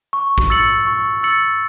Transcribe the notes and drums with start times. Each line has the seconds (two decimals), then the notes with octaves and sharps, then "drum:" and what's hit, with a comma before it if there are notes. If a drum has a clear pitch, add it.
0.13 C#6
0.38 drum: kick A1
0.50 E6 A6 C#7 F#7
0.87 C#6
1.23 E6 A6 C#7 F#7